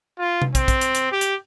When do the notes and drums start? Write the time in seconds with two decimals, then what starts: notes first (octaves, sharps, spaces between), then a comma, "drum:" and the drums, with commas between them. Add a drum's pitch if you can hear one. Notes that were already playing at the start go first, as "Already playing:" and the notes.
0.19 F4
0.42 drum: tom C3
0.55 C4, drum: kick, hi-hat
0.68 drum: kick, hi-hat
0.81 drum: hi-hat
0.95 drum: hi-hat
1.12 G4
1.21 drum: hi-hat